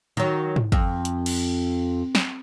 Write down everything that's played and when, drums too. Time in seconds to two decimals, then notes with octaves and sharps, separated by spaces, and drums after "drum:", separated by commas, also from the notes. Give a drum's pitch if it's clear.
0.17 D#3 F#3
0.56 drum: tom G#2
0.72 F2, drum: kick
1.05 drum: hi-hat
1.26 drum: cymbal
2.15 drum: snare